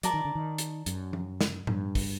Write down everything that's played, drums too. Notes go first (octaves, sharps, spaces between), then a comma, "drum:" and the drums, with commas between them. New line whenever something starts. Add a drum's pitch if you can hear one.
F#3 A#4 D5 A5 D6, drum: hi-hat
D#3
D3
D#3
drum: hi-hat
F#2, drum: hi-hat
drum: tom F3
drum: snare
G2, drum: tom A2
drum: kick, open hi-hat